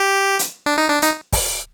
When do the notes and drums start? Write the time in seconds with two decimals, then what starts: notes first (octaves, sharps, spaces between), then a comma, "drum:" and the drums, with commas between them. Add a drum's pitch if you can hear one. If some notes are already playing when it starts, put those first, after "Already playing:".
Already playing: G4
0.39 drum: hi-hat
0.66 D4
0.78 D#4
0.90 D4
1.02 D#4, drum: hi-hat
1.32 drum: kick, open hi-hat